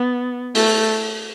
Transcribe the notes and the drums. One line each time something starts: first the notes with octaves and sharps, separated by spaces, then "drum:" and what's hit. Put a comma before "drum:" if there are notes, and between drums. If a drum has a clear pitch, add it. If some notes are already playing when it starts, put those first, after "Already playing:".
Already playing: B3
A3, drum: open hi-hat